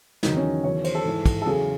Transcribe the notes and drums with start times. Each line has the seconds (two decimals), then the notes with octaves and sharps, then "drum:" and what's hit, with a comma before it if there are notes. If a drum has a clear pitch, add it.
0.23 E2 D#3 F#3 D#4, drum: snare
0.37 C#4
0.64 E2 D#3 F#3 C#5
0.84 C5, drum: cymbal
0.95 A4
1.05 G#2 E3
1.26 drum: kick, cymbal
1.42 A4
1.46 E2 C#3 F#3 G#4